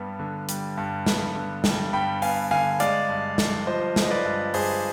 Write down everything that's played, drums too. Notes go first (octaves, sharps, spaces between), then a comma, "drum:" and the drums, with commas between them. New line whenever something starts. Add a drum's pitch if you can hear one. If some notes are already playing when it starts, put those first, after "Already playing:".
Already playing: G2 G3 B3
D3
G3, drum: hi-hat
G2
B3, drum: snare
D3
G3, drum: snare
G2 G5 B5
B3 F5 G#5, drum: open hi-hat
D3 F5 G#5
G#3 D5 F5, drum: hi-hat
G2
G2, drum: snare
F3 C5 D#5
G#3, drum: snare
D#5
B4 D5
G2
G2 G#4 C5, drum: open hi-hat